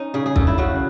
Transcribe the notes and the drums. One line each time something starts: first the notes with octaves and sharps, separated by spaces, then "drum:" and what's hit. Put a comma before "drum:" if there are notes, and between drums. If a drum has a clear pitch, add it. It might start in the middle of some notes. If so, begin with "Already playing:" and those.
Already playing: C#4 D#4
C#3 G#4
G#4
C#3 A4, drum: kick
E4
C#3 F#4